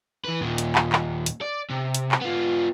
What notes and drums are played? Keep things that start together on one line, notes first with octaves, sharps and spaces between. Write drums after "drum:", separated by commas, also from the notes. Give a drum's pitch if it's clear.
E3 B4
D#2 A#2
drum: hi-hat
drum: clap
drum: clap
drum: hi-hat
D5
C3
drum: hi-hat
drum: clap
B3 F4